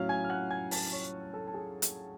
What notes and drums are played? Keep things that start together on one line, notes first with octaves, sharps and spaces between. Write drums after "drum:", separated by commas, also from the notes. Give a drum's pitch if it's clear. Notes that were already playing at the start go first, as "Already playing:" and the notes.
Already playing: A2 F#3 C#4 F5 F6
G#5 G#6
F6
F#5 F#6
G#5 G#6
A5 A6, drum: open hi-hat
C#5 C#6
A4 A5
A5
G#4 G#5
drum: hi-hat